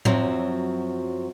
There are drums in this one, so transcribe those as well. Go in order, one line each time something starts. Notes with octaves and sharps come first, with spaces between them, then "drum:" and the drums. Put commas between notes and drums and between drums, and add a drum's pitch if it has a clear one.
F#2 F3 F#3 C4, drum: tom A2